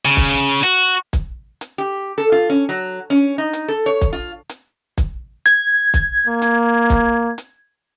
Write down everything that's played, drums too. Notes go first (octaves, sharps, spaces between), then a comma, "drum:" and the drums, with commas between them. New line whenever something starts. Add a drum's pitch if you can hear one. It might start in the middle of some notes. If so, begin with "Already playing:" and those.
C#3
drum: kick, hi-hat
F#4, drum: hi-hat
drum: kick, hi-hat
drum: hi-hat
G4
A4
F4
C#4
F#3
C#4
D#4
drum: hi-hat
A4
C#5
drum: kick, hi-hat
F4
drum: hi-hat
drum: kick, hi-hat
G#6, drum: hi-hat
drum: kick, hi-hat
A#3
drum: hi-hat
drum: kick, hi-hat
drum: hi-hat